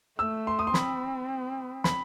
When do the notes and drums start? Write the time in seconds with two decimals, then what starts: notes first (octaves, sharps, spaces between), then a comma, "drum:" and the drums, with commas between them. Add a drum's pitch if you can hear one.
0.19 A3 E6
0.47 C6
0.59 D#6
0.67 C6
0.74 C4 B5, drum: snare
1.84 B5, drum: snare